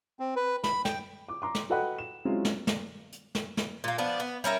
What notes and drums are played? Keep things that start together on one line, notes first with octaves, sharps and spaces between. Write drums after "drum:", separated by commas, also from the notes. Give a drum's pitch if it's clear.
C4
B4
B5, drum: snare
G5, drum: snare
D6
A#5 C6 D6
drum: snare
F#4 A4 B4 D#5 F#5 G5
E7
F#3 G#3 C4 C#4 E4 F4
drum: snare
drum: snare
drum: hi-hat
drum: snare
drum: snare
A#2 A#3
F3 B3 D4
B3
G3 C#4 A#4 E5